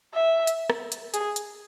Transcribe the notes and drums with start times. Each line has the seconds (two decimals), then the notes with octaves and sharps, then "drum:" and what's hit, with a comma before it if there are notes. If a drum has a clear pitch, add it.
0.14 E5
0.47 drum: hi-hat
0.70 drum: rim click
0.92 drum: hi-hat
1.14 G#4, drum: hi-hat
1.36 drum: hi-hat